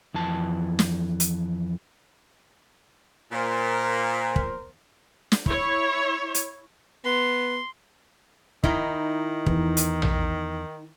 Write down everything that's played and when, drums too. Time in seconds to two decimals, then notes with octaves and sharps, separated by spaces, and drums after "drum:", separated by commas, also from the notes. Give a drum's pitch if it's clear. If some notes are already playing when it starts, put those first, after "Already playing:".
0.14 F2 E3 A5
0.79 drum: snare
1.20 drum: hi-hat
3.32 A#2 A#4 C5
4.36 drum: kick
5.32 drum: snare
5.46 E4 C#5, drum: kick
6.34 drum: hi-hat
7.05 B3 C6
8.64 D#3 D#4 E4 D#5, drum: kick
9.46 E2 E3, drum: kick
9.77 drum: hi-hat
10.02 drum: tom A#1